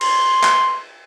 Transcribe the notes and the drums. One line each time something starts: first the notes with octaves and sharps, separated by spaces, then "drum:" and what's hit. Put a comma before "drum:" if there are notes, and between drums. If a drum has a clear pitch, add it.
C6, drum: cymbal
drum: clap